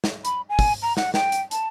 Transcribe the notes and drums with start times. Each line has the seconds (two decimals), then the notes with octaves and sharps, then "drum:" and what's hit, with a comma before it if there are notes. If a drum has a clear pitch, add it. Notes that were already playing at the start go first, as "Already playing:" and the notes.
0.04 drum: snare
0.25 B5, drum: hi-hat
0.49 G#5
0.59 drum: kick, open hi-hat
0.82 A#5
0.97 F#5, drum: snare
1.14 G5, drum: snare
1.32 drum: hi-hat
1.51 A5, drum: hi-hat